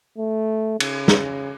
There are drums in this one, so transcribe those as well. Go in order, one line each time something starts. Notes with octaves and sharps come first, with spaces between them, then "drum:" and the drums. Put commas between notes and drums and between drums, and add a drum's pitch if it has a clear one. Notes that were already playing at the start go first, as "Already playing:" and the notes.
A3
C#3, drum: cymbal
drum: snare